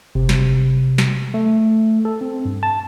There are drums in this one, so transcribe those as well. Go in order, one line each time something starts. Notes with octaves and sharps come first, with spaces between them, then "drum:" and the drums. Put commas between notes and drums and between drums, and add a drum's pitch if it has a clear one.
C3, drum: kick F#1
drum: snare
drum: snare
A3
A4
C4
G2
A5